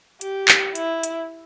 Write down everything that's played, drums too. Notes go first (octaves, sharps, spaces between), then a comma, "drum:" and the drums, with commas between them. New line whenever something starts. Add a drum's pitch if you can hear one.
G4, drum: hi-hat
drum: clap
E4, drum: hi-hat
drum: hi-hat